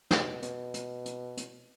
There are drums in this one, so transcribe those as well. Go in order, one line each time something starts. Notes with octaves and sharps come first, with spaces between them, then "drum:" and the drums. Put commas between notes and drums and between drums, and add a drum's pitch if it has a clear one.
B2, drum: snare
B2, drum: hi-hat
drum: hi-hat
drum: hi-hat
drum: hi-hat